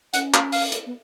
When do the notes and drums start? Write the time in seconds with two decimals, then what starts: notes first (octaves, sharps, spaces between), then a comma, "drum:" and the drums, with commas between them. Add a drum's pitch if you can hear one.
0.14 C#4 F#5, drum: hi-hat
0.34 F5, drum: clap
0.52 F5, drum: open hi-hat
0.72 drum: hi-hat
0.86 B3